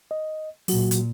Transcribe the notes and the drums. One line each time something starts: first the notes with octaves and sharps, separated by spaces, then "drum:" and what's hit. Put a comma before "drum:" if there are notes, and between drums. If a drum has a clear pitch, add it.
D#5
A#2 F#3 F#4, drum: open hi-hat
drum: hi-hat